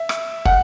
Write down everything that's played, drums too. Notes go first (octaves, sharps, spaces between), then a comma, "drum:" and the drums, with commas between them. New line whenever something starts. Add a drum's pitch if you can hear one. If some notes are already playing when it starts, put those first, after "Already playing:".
Already playing: E5
drum: rim click
F#5, drum: kick